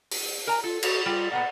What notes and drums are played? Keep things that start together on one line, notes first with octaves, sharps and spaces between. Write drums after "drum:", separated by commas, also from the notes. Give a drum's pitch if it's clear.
drum: open hi-hat
A#4 G#5 A#5
F4 A4
F#4, drum: cymbal
G3 F4
A#2 B3 F#5